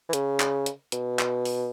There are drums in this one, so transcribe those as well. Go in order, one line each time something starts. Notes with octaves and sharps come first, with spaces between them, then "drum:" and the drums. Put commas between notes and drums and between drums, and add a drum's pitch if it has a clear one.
E3
C#3, drum: hi-hat
drum: clap
drum: hi-hat
B2, drum: hi-hat
drum: clap
drum: open hi-hat